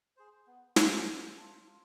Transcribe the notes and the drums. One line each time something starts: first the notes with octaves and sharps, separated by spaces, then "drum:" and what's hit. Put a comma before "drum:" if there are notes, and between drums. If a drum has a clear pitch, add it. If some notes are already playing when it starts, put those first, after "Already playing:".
G#4 C5
B3
D4 F4 A#4, drum: snare
B3
D4 F4
F4